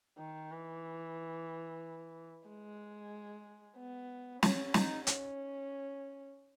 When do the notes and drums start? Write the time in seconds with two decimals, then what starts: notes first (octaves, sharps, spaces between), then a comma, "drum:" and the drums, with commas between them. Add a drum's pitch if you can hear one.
0.19 D#3
0.51 E3
2.48 G#3
3.78 B3
4.43 C#4, drum: snare
4.74 D#4, drum: snare
5.07 C#4, drum: hi-hat